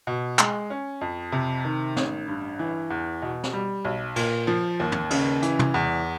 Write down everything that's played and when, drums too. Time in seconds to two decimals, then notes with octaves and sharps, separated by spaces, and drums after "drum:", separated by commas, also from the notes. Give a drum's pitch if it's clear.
0.07 B2
0.39 G#3, drum: clap
0.70 C#4
1.01 F2
1.32 C3
1.65 D#3
1.96 A1, drum: snare
2.28 G2
2.59 E3
2.90 E2
3.22 B2
3.44 drum: snare
3.53 G3
3.85 B1
4.16 A#2, drum: cymbal
4.47 F3
4.80 D#2
4.92 drum: tom
5.11 C#3, drum: cymbal
5.42 E3, drum: hi-hat
5.59 drum: tom
5.74 E2